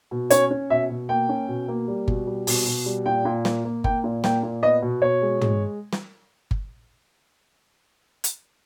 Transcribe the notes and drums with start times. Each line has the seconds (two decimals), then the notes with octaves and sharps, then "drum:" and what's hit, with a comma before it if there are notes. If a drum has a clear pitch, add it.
0.11 B2
0.30 C#4 C#5, drum: hi-hat
0.51 C#4
0.70 B2 E5
0.90 B2
1.09 A#3 G5
1.29 C#4
1.48 B2
1.68 A#3
1.88 G3
2.08 B2, drum: kick G1
2.27 G3
2.47 B2, drum: open hi-hat
2.67 B2
2.86 G3
3.06 A#2 G5
3.25 A#2
3.45 A#3, drum: snare
3.65 A#3
3.84 A#3 G5, drum: kick G1
4.04 A#2
4.24 A#3 G5, drum: snare
4.43 A#2
4.62 B3 D#5
4.82 B2
5.02 B2 C#5
5.22 G#3
5.41 G#3, drum: tom
5.93 drum: snare
6.51 drum: kick G1
8.24 drum: hi-hat